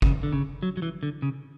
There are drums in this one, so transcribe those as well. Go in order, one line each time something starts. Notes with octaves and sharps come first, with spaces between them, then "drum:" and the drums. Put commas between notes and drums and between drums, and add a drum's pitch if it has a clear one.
C#3, drum: kick G1
D3
C#3
F#3
F#3
E3
D3
C#3